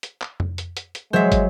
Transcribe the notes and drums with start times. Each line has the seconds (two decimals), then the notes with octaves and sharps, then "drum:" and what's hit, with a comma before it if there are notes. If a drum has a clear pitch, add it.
0.03 drum: hi-hat
0.21 drum: clap
0.40 drum: tom F2
0.58 drum: hi-hat
0.77 drum: hi-hat
0.95 drum: hi-hat
1.13 F#3 G#3 C5 E5
1.32 drum: kick, hi-hat